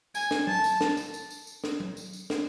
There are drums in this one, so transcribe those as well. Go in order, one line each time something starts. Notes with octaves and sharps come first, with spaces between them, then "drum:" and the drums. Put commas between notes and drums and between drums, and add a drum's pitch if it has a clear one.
G#5, drum: tambourine
drum: snare
A5, drum: tom F#3
drum: tambourine
drum: snare
drum: tambourine
drum: tambourine
drum: tambourine
drum: tambourine
drum: snare
drum: tom F#3
drum: tambourine
drum: tambourine
drum: snare